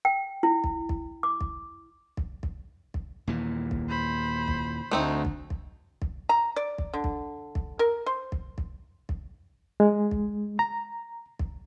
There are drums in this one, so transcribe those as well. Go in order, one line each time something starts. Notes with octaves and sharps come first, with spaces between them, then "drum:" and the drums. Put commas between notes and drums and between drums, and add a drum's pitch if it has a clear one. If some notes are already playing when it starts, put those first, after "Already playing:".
G5
E4
drum: kick
drum: kick
D6
drum: kick
drum: kick
drum: kick
drum: kick
D#2 A#2 E3
drum: kick
C5 B5
drum: kick
D2 A3 C4 D#4
drum: kick
drum: kick
drum: kick
A#5
D5
drum: kick
D3
drum: kick
drum: kick
A#4
C5
drum: kick
drum: kick
drum: kick
G#3
drum: kick
A#5
drum: kick